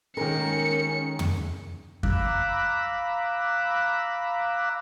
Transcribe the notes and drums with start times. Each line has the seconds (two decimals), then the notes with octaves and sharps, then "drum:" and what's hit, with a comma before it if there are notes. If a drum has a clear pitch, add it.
0.17 D#3 G#3 A#3 C#4 A#4 C#7
1.19 drum: tom
2.03 F5 A#5 B5 D6 E6 F#6, drum: kick F2